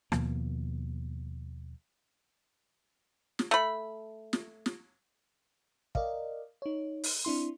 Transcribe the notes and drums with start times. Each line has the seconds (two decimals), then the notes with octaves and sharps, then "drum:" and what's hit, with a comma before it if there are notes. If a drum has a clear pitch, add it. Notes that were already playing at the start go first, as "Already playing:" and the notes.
0.12 D#2 B2 F3 A#3, drum: rim click
3.39 drum: snare
3.51 A3 B5
4.33 drum: snare
4.66 drum: snare
5.95 A#4 D5 D#5 F5, drum: kick
6.62 D#4 C#5
7.04 drum: open hi-hat
7.25 C4 D4 E4 C6